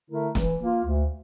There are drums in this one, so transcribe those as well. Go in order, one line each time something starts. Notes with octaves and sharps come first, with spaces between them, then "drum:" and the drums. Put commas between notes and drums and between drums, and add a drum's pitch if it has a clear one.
D3 A3 E4 A#4
E3, drum: snare
A#3 F4
D2